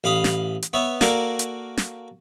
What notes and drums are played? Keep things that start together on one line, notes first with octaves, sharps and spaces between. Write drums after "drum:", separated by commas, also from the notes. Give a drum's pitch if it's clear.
A1 F5 B5 D#6
drum: snare
drum: hi-hat
B3 C#5 E5
A#3 F#4 A4 A#4 D5 G#5, drum: snare
drum: hi-hat
drum: snare